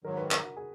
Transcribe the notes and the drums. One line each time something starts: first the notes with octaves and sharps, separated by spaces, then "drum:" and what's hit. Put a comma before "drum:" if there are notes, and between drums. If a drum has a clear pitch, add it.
G#2 D#3 F#3 A#4
B4
A#4, drum: clap
F#4
G#4